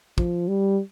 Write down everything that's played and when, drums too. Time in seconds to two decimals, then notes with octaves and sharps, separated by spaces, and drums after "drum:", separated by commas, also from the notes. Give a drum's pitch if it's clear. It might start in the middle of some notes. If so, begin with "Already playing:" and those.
0.18 F3, drum: kick
0.48 G3